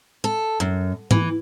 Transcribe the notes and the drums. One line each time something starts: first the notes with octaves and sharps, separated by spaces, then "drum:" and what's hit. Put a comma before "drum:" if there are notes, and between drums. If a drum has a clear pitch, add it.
A4
F#2
E3, drum: tom G#2